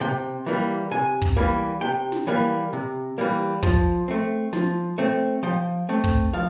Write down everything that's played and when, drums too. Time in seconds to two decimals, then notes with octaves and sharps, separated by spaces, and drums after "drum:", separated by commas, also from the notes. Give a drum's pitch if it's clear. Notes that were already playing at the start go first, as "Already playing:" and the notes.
0.01 C3 G5
0.46 E3 G3 A#3
0.91 C3 G#5
1.22 drum: kick
1.37 E3 G3 A#3
1.81 C3 G5
2.12 drum: snare
2.27 E3 G3 A#3
2.73 C3
3.18 E3 G3 A#3
3.63 F3, drum: kick
4.08 A3 C4
4.53 F3, drum: snare
4.98 A3 C4
5.43 F3 G5
5.89 A3 C4
6.04 drum: kick
6.33 F3 F5